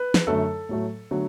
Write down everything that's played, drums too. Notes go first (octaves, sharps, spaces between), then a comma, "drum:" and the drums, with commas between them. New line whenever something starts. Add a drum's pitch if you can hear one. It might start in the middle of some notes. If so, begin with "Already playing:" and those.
Already playing: B4
drum: snare
F#2 D3 F#3 A3 A4
A2 F#3 A3
D3 F#3 A3